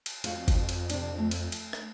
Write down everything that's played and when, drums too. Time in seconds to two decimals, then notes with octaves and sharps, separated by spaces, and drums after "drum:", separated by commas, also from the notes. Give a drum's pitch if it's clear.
0.06 drum: cymbal
0.24 F2 F4 F#4 F5, drum: cymbal
0.48 drum: kick G1, cymbal
0.69 drum: cymbal
0.90 C3 D4, drum: cymbal
1.18 A3
1.31 drum: cymbal
1.52 drum: cymbal
1.73 drum: rim click